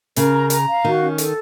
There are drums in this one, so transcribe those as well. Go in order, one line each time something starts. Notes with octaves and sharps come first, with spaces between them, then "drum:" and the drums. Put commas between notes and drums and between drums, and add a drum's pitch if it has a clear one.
C#3 A#4, drum: hi-hat
A#5
A#5, drum: hi-hat
F5
D#3 F#4
C#4
A4, drum: hi-hat